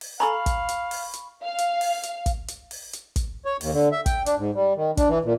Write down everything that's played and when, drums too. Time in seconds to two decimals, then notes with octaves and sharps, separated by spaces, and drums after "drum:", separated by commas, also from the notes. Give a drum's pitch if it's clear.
0.01 drum: open hi-hat
0.20 A4 F5 G#5 A#5 B5 C#6 F#7
0.46 drum: kick, hi-hat
0.69 drum: hi-hat
0.91 drum: open hi-hat
1.13 drum: hi-hat
1.44 F5
1.58 drum: hi-hat
1.81 drum: open hi-hat
2.03 drum: hi-hat
2.26 drum: kick, hi-hat
2.48 drum: hi-hat
2.71 drum: open hi-hat
2.93 drum: hi-hat
3.16 drum: kick, hi-hat
3.45 C#5
3.61 D#2, drum: open hi-hat
3.73 D3
3.92 E5
4.06 G5, drum: kick, hi-hat
4.26 D4, drum: hi-hat
4.38 G#2
4.55 G3
4.76 D#3
4.97 D4, drum: kick, hi-hat
5.08 E3
5.25 A#2